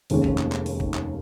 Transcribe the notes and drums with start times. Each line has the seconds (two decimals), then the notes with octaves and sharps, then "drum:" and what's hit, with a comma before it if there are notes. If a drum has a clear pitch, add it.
0.10 F1 D#2 D#3 G#3 C#4, drum: open hi-hat
0.24 drum: kick
0.38 drum: clap
0.52 drum: clap
0.66 drum: open hi-hat
0.80 drum: kick
0.94 drum: clap